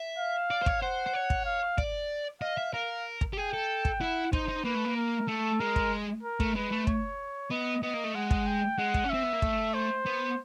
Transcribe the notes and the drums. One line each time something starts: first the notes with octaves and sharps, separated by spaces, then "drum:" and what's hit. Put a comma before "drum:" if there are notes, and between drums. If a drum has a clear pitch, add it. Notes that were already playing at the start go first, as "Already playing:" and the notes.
Already playing: E5
F5
D5
C5
C#5, drum: kick
C5 F#5
C5
C#5
drum: kick
F5
D5, drum: kick
D#5 F5
E5
A#4 F5
drum: kick
G4
G#4 G5
A4
drum: kick
E4 F#5
D#4 C5, drum: kick
D#4
A#3 B4
A3
A#3
A#4
A3 A4
G#3 A#4
drum: kick
A#4
A3, drum: kick
G#3 B4
A3
C#5, drum: kick
B3 D#5
B3 D#5
A#3
A3
G#3 F#5
drum: kick
G5
G#3 F#5
drum: kick
C#4
C4 E5
B3
A#3
A3, drum: kick
C5
B3